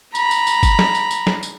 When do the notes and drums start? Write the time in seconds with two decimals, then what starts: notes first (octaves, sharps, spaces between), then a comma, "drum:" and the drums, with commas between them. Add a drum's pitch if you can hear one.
0.15 A#5 B5, drum: tambourine
0.31 drum: tambourine
0.47 drum: tambourine
0.63 drum: kick G1, tambourine
0.79 drum: snare
0.95 drum: tambourine
1.11 drum: tambourine
1.27 drum: snare
1.43 drum: tambourine